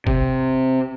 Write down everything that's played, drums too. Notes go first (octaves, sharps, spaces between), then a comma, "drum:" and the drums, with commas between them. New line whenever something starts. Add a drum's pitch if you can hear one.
C3, drum: kick F#1